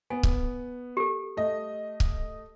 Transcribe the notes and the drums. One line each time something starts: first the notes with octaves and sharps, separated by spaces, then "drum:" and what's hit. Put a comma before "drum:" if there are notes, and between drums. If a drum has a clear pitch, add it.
B3 G#5
drum: kick C#1
G4 A4
A3 D#5
drum: kick C#1